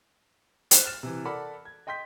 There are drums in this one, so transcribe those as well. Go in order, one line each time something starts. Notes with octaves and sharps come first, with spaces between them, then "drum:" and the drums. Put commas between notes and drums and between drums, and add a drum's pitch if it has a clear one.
C5 F#6, drum: hi-hat
F6 A6 E7
C3 E3
A4 A#4 D5 F#5 A5 B5
G#6
D#5 G5 C6 G6 B6